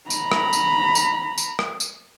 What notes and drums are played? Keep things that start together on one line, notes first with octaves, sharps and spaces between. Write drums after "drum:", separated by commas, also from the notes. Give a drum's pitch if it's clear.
A#5 B5, drum: tambourine
drum: rim click
drum: tambourine
drum: tambourine
drum: tambourine
drum: rim click
drum: tambourine